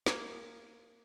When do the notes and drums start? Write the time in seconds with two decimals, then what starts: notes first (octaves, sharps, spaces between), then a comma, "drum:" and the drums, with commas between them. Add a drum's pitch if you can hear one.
0.06 A#3 G#5, drum: snare